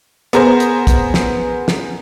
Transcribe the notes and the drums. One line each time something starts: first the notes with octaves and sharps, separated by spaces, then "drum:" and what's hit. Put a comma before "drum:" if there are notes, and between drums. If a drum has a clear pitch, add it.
B3 G#4 A#4 C5, drum: hi-hat
drum: hi-hat
drum: kick, hi-hat
drum: snare
drum: snare